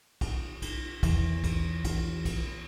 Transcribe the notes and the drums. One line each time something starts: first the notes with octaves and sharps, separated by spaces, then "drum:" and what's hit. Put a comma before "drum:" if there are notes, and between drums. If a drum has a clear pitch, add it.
drum: kick B1, cymbal
drum: kick B1, cymbal
E2 E3, drum: kick B1, cymbal
drum: kick B1, cymbal
drum: kick B1, cymbal
drum: kick B1, cymbal